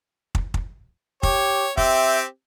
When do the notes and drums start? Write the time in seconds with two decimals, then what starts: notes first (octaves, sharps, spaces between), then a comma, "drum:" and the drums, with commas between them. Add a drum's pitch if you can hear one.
0.35 drum: kick
0.54 drum: kick
1.23 G4 C#5, drum: kick
1.77 C4 G4 E5, drum: kick